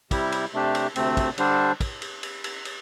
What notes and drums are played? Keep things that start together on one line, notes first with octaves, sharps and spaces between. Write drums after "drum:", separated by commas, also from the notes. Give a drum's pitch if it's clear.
C3 G3 E4 G4, drum: kick, cymbal
drum: cymbal
C3 A3 D4 G4
drum: cymbal
D2 C3 A3 C4, drum: cymbal
drum: kick, cymbal
D3 G3 D4 C5, drum: cymbal
drum: kick, cymbal
drum: cymbal
drum: cymbal
drum: cymbal
drum: cymbal